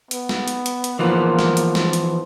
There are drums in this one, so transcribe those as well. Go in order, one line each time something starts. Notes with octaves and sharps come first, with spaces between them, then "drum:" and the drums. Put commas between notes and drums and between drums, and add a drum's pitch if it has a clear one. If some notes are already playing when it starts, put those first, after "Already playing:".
B3, drum: hi-hat
drum: snare
drum: hi-hat
drum: hi-hat
drum: hi-hat
E3 F3 A#3 B3
drum: snare
drum: hi-hat
drum: snare
drum: hi-hat